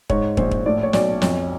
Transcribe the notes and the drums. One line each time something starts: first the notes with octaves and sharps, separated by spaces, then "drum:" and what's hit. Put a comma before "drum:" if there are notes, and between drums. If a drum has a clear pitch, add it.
G#2 C#5, drum: kick
A#1 C5, drum: kick
drum: kick
A2 D5
C#5
B1 D5, drum: snare
F2 C#5, drum: snare